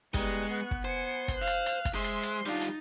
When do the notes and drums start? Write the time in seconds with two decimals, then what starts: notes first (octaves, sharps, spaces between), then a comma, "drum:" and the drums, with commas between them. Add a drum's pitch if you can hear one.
0.14 G3 G#3 B3 D#4 C#6 F#6, drum: kick, hi-hat
0.45 B3
0.71 drum: kick
0.85 C5 G#5 C#7
1.28 drum: kick, hi-hat
1.37 F5 F#6
1.47 drum: hi-hat
1.66 drum: hi-hat
1.85 drum: kick, hi-hat
1.95 G#3 C5 E5 C6
2.04 drum: hi-hat
2.23 drum: hi-hat
2.46 G3 D4 D#4 F4 A6
2.61 drum: hi-hat